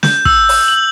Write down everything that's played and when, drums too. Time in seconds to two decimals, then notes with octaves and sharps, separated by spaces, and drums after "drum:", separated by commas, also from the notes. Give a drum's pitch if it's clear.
0.03 G6, drum: snare
0.25 E6, drum: kick
0.49 drum: open hi-hat
0.68 F#7